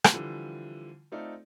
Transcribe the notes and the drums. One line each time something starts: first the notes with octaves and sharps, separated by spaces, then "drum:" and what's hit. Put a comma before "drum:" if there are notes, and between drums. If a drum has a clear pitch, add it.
drum: rim click
D3 E3 F3 G3
A3 C4 D#4 F4 A4 D5